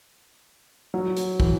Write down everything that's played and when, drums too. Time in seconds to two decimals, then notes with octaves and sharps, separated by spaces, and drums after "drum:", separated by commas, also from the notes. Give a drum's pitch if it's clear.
0.94 F#3
1.17 drum: hi-hat
1.40 E3, drum: kick